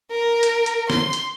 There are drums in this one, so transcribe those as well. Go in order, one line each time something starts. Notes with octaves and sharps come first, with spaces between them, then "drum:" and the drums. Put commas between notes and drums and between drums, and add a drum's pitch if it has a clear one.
A#4
drum: hi-hat
drum: hi-hat
C6, drum: snare
drum: hi-hat